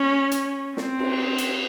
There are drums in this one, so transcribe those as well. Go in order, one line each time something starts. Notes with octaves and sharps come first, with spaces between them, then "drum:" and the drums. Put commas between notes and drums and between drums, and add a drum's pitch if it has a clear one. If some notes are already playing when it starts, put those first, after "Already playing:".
Already playing: C#4
drum: hi-hat
C4, drum: snare
drum: cymbal
drum: hi-hat